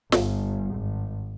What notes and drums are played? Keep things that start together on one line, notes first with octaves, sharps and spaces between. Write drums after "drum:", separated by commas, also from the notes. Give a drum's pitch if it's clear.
G1 G2, drum: snare
G#1